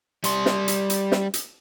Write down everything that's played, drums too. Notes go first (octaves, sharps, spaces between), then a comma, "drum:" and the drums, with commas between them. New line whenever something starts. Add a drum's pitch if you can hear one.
G3 C6, drum: hi-hat
drum: snare
drum: hi-hat
drum: hi-hat
drum: snare
drum: hi-hat